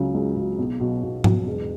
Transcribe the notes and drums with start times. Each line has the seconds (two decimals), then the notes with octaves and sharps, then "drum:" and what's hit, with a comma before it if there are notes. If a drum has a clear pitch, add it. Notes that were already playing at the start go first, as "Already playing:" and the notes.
Already playing: C#2 C#3 F#3
0.14 C#2
0.36 C#3 F#3
0.58 B1
0.80 B2 F#3
1.03 B1
1.24 B2 F#3, drum: tom G#2
1.47 E1